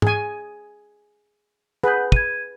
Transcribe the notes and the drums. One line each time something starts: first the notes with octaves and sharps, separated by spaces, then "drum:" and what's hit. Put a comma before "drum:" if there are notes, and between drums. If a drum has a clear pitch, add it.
G#4 G#5, drum: tom G#2
G#4 B4 F#5 G6
G#6 D#7, drum: kick